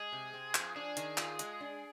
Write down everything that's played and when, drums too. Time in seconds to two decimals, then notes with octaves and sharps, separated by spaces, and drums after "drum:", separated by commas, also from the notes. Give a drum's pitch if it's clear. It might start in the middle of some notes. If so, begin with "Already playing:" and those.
Already playing: G#3 G#4
0.12 C3
0.34 C4
0.55 F3, drum: clap
0.76 D4 G#4
0.97 D#3, drum: hi-hat
1.17 F4, drum: clap
1.39 G#3, drum: hi-hat
1.61 D4